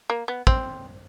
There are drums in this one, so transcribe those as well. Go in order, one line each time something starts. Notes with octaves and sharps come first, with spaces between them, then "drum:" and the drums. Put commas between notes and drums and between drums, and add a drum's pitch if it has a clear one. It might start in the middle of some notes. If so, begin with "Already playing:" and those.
A#3
B3
C4, drum: kick